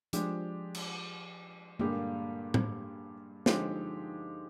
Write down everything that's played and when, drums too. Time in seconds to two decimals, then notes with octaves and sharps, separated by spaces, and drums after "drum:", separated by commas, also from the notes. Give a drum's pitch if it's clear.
0.13 F3 G#3 D4 G4, drum: hi-hat
0.75 drum: cymbal
1.80 G2 D3 G#3 A#3 D4 G4
2.54 drum: tom A2
3.46 D3 F3 G#3 D#4 G4, drum: snare